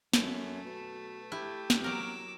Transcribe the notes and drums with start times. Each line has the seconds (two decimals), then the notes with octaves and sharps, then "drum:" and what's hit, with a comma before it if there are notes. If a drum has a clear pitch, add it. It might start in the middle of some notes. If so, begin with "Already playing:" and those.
0.13 F#2 A3, drum: snare
0.65 B2
1.32 E4 G4
1.70 drum: snare
1.84 F#3 A#4 D6 E6